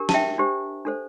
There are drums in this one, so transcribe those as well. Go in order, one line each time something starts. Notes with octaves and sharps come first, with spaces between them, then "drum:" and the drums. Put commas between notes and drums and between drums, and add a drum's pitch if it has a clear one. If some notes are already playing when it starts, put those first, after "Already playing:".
Already playing: D4 G4 A#4
A5, drum: snare
E5 G5
D4 G4 C5
D4 A4 C5